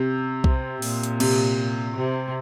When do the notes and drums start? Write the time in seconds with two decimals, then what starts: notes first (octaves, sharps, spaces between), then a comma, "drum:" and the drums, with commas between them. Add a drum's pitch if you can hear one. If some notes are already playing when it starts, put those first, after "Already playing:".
Already playing: C3
0.44 C3, drum: kick B1
0.82 A#2, drum: open hi-hat
1.03 drum: hi-hat
1.20 C3, drum: cymbal
1.96 C3